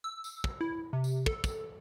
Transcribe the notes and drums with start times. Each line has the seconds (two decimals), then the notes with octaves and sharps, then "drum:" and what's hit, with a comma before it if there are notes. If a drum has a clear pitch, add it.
0.04 E6
0.24 drum: tambourine
0.44 drum: kick
0.61 E4
0.93 C3
1.04 drum: tambourine
1.26 A4, drum: kick
1.44 drum: kick, tambourine